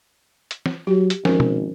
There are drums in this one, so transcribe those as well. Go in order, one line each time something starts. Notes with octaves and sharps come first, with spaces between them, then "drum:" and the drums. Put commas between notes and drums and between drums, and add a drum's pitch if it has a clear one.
drum: hi-hat
drum: snare
F#3 G4
drum: hi-hat
G#1 F3 C#4 A#4, drum: snare
drum: tom